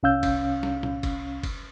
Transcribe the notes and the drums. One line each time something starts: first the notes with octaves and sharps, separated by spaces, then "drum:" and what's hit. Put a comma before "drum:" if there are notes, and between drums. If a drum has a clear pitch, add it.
C2 C#4 F5 E6 G6
drum: kick, cymbal
drum: snare
drum: tom A#2
drum: kick, cymbal
drum: kick, cymbal